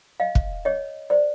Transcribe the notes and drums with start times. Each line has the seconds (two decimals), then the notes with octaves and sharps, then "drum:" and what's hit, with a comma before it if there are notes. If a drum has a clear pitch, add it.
0.20 D#5 F5
0.35 drum: kick
0.65 C#5 D#5
1.10 C5 D5